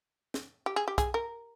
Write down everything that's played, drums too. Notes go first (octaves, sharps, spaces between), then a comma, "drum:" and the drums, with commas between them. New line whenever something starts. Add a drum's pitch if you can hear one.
drum: snare
G4
G#4
G4
G#4, drum: kick, hi-hat
A#4